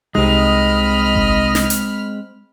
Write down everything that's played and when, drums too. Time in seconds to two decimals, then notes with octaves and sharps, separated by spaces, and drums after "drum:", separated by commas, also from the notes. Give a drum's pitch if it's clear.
0.15 C2 G#3 C4 D#4 D#5 B5 F6
1.15 drum: kick G#1
1.55 drum: snare
1.70 drum: hi-hat